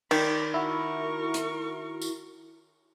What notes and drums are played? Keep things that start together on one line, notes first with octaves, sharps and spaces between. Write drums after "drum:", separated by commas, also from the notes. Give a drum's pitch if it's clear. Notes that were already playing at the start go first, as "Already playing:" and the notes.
D#3 D5 B5, drum: cymbal
E4 F#4 A#4 C#6
drum: hi-hat
drum: tambourine